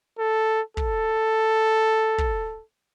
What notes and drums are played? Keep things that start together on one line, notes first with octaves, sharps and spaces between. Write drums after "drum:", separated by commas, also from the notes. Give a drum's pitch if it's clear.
A4
A4, drum: kick
drum: kick